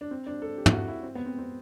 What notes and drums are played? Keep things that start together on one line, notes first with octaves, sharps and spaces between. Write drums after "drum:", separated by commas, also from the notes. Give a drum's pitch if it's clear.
D4
C4
D4
A4
G4
E4, drum: tom
F#4
E4
C4
B3
C4
C4